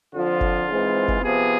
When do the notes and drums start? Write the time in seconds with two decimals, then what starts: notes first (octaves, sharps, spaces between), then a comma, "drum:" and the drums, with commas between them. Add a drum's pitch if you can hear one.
0.13 F2 D3 F3 F4
0.41 drum: kick
0.68 G#2 E3 G#3 C4
1.08 drum: kick
1.21 C3 F3 B3 G#4